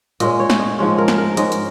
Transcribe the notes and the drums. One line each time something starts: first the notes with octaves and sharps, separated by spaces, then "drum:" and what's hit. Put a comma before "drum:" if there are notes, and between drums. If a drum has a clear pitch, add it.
A#2 G#3 C#4 D#5, drum: hi-hat
C#5
drum: snare
D#5
G#2 F3 G#3 C#4 C#5
A#4
drum: snare
A#4
G#2 G#3 C#4 D#5, drum: hi-hat
drum: hi-hat